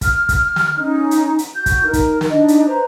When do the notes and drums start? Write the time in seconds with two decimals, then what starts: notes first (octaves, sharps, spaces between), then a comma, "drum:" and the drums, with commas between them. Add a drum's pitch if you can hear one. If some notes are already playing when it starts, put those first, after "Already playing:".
0.01 F6, drum: kick, hi-hat
0.29 drum: kick, hi-hat
0.56 drum: snare
0.77 C#4 D#4
1.11 drum: hi-hat
1.39 drum: hi-hat
1.54 F#4 G6
1.66 drum: kick, hi-hat
1.83 D#4 A#4
1.93 drum: kick, hi-hat
2.21 drum: snare
2.30 D4 D#4 D#5
2.48 drum: hi-hat
2.65 B4 C5 A#5